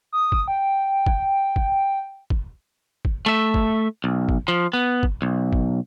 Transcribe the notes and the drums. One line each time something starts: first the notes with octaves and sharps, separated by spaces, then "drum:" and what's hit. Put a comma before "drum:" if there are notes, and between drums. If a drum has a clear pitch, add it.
D#6
drum: kick
G5
drum: kick
drum: kick
drum: kick
drum: kick
A3 E5
drum: kick
B1
drum: kick
F3
B3
drum: kick
B1
drum: kick